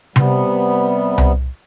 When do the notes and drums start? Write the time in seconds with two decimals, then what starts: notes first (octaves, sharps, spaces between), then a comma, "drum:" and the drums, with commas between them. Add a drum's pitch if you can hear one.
0.16 C3 G3 B3, drum: tom C3
1.18 drum: tom C2